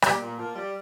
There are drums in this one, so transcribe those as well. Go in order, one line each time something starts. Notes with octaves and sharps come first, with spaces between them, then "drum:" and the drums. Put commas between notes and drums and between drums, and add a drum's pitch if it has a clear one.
A#2 G3 G4, drum: rim click
A#2
F3 A#3 F4
G3